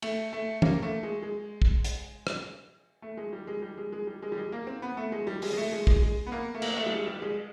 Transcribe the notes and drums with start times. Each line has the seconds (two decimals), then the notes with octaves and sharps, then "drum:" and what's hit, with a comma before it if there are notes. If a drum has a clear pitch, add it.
0.02 A3, drum: cymbal
0.33 A3
0.62 A#3, drum: tom
0.82 A3
1.03 G#3
1.22 G#3
1.62 drum: kick
1.84 drum: hi-hat
2.27 drum: rim click
3.02 A3
3.17 G#3
3.33 G3
3.47 G#3
3.62 G3
3.77 G#3
3.92 G#3
4.07 G3
4.22 G#3
4.32 G3
4.37 G#3
4.52 A#3
4.67 C4
4.82 B3
4.97 A3
5.12 G#3
5.27 G3
5.42 G#3, drum: open hi-hat
5.53 G#3
5.57 A3
5.72 G#3
5.87 G#3, drum: kick
6.02 G#3
6.27 B3
6.32 A#3
6.54 A3
6.62 A#3, drum: cymbal
6.77 A3
6.86 G3
6.92 G#3
7.07 G3
7.22 G#3